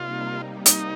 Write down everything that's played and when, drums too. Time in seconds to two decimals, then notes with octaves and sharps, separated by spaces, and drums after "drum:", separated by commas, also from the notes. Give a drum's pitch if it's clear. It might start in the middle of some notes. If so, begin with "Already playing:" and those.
Already playing: C3 G3 A#3 D#4 F4
0.66 D#4, drum: hi-hat